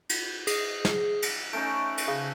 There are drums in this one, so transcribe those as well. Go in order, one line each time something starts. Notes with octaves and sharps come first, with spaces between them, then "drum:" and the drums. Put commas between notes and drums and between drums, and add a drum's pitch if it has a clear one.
drum: cymbal
G#4, drum: cymbal
drum: snare
drum: cymbal
A3 C#4 D#4 D7
drum: cymbal
C#3